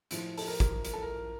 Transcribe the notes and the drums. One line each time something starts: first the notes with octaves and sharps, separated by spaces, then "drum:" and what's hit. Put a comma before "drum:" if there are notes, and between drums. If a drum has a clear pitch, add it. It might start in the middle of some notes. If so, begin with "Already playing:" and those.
A2 F3, drum: hi-hat
A4, drum: open hi-hat
A#4
drum: kick, hi-hat
A#4, drum: hi-hat
A4
A#4